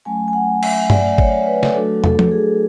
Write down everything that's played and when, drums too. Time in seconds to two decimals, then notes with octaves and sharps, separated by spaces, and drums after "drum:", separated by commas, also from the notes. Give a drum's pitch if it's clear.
0.05 F#3 A3 C#4 G#5
0.28 G#5
0.33 F#5
0.63 E5, drum: cymbal
0.90 D5, drum: tom G2
1.18 C#5, drum: kick
1.47 B4
1.63 drum: snare
1.75 F#3 A3 D4 F#4 A4
2.04 A4, drum: tom
2.19 drum: tom F3
2.31 G#4